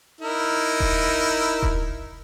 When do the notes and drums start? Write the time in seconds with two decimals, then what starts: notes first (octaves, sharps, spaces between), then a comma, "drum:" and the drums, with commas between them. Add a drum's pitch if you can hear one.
0.21 D#4 E4 A#4
0.80 drum: kick D#1
1.63 drum: kick D#1